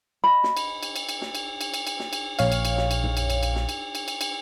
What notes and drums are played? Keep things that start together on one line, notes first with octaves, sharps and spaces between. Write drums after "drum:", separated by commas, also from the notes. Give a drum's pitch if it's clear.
D#5 B5
drum: snare
drum: cymbal
drum: cymbal
drum: cymbal
drum: cymbal
drum: snare
drum: cymbal
drum: cymbal
drum: cymbal
drum: cymbal
drum: snare
drum: cymbal
A#1 C#5 F5, drum: cymbal
drum: cymbal
drum: cymbal
drum: snare
drum: cymbal
drum: tom
drum: cymbal
drum: cymbal
drum: cymbal
drum: snare
drum: cymbal
drum: cymbal
drum: cymbal
drum: cymbal